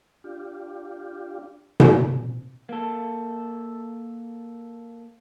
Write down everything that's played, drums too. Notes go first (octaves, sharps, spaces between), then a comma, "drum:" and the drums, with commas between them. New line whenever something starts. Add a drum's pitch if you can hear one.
D4 F4 G4
drum: tom B2
A#3 A4